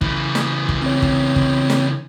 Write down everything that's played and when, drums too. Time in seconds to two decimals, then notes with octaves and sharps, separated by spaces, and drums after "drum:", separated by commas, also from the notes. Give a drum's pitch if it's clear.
0.01 C#3 E3, drum: kick
0.35 drum: snare
0.69 drum: kick
0.82 C4 C#5
1.02 drum: kick
1.36 drum: kick
1.70 drum: snare